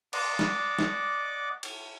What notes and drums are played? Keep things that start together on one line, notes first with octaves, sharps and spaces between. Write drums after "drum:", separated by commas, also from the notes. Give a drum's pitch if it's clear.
D5 D#5 F#5 D6, drum: cymbal
drum: snare
drum: snare
drum: cymbal